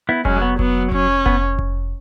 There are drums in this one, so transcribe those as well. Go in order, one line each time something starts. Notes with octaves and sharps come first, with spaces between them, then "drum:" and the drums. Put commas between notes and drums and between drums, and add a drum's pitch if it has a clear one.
B3 E4
F#3 G#3 C#4, drum: kick F1
G#3
B3
F#3 B3, drum: kick F1
C#4, drum: kick F1
B3, drum: kick F1
drum: kick F1